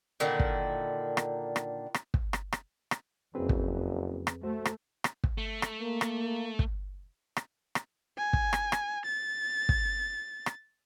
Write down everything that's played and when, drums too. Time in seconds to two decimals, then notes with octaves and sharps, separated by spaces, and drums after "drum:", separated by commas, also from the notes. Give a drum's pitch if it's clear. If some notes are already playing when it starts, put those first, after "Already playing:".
0.20 A#2 D3 D#3 E4
0.40 drum: kick
1.17 drum: rim click
1.56 drum: rim click
1.94 drum: rim click
2.14 drum: kick
2.33 drum: rim click
2.52 drum: rim click
2.91 drum: rim click
3.35 F#1 F2 C4 G#4 B4
3.49 drum: kick
4.27 drum: rim click
4.43 A3 F#4 C5
4.65 drum: rim click
5.04 drum: rim click
5.24 drum: kick
5.38 A3
5.62 drum: rim click
5.82 A#3
6.01 drum: rim click
6.59 drum: kick
7.37 drum: rim click
7.75 drum: rim click
8.18 G#5
8.33 drum: kick
8.53 drum: rim click
8.72 drum: rim click
9.05 A6
9.69 drum: kick
10.46 drum: rim click